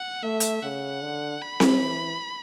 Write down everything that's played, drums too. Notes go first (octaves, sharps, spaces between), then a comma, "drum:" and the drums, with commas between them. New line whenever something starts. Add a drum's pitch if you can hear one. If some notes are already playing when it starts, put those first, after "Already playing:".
Already playing: F#5
A3 E5
drum: hi-hat
C#3 F#5
D3
B5
drum: snare C4
E3